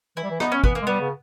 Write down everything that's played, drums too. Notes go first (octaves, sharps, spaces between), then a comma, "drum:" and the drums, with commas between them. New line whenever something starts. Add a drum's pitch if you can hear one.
E3 E4
G3
E3
B3 D#4, drum: rim click
C#4
E3 B3, drum: kick
A#3
G#3
G3 B3
C#3